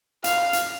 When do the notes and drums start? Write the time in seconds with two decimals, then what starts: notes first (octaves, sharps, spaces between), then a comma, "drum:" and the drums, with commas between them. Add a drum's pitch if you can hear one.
0.24 F5, drum: hi-hat
0.53 drum: hi-hat